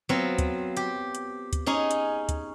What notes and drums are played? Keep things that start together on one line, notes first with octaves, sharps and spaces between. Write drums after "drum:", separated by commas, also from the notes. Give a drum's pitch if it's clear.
F#3 B3 C4 F4
drum: kick, hi-hat
G4, drum: hi-hat
drum: hi-hat
drum: kick, hi-hat
C#4 D#4 G#4
drum: hi-hat
drum: kick, hi-hat